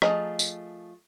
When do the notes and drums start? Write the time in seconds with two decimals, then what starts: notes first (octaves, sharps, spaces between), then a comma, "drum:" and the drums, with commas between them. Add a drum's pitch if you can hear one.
0.02 F3 A3 G#4 D#5 A#5, drum: rim click
0.39 drum: tambourine